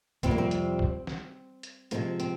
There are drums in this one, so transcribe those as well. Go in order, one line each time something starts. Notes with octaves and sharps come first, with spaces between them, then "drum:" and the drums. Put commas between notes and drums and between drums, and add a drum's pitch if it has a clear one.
F2 C3 G3 C4, drum: kick B1, hi-hat
A#3
C4
drum: hi-hat
drum: kick B1
drum: snare
drum: hi-hat
C3 F3 G#3 A#3, drum: hi-hat
C4, drum: hi-hat